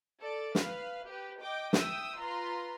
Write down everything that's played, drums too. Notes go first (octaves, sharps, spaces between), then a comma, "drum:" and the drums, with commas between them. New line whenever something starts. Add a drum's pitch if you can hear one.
A4 D5
B4 F5, drum: snare
G4 B4
D#5 G5 D6
E5 G5 D#6 E6, drum: snare
F4 B4 A#5 C6